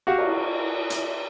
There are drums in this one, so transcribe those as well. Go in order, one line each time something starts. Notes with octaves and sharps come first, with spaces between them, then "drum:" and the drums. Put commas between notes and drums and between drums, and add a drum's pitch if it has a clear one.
F#4 G4 F5 F#5
drum: cymbal
drum: hi-hat